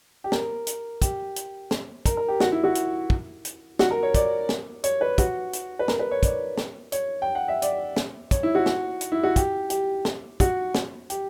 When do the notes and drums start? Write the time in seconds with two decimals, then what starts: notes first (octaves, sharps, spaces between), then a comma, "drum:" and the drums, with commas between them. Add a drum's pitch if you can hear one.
0.24 G4
0.32 A#4, drum: snare
0.67 drum: hi-hat
1.02 G4, drum: kick, hi-hat
1.36 drum: hi-hat
1.71 drum: snare
2.06 A#4, drum: kick, hi-hat
2.17 A#4
2.28 G4
2.40 F#4, drum: snare
2.52 E4
2.64 F#4
2.75 drum: hi-hat
3.10 drum: kick
3.45 drum: hi-hat
3.79 F#4, drum: snare
3.91 A#4
4.03 C#5
4.14 D5, drum: kick, hi-hat
4.49 drum: snare
4.84 C#5, drum: hi-hat
5.01 B4
5.18 F#4, drum: kick, hi-hat
5.53 drum: hi-hat
5.79 B4
5.88 A#4, drum: snare
5.99 B4
6.11 C#5
6.23 D5, drum: kick, hi-hat
6.58 drum: snare
6.92 C#5, drum: hi-hat
7.22 G5
7.35 F#5
7.48 E5
7.62 D5, drum: hi-hat
7.97 drum: snare
8.31 C#5, drum: kick, hi-hat
8.43 E4
8.55 F#4
8.66 drum: snare
9.01 drum: hi-hat
9.12 E4
9.23 F#4
9.36 G4, drum: kick, hi-hat
9.70 G4, drum: hi-hat
10.05 drum: snare
10.40 F#4, drum: kick, hi-hat
10.75 drum: snare
11.10 G4, drum: hi-hat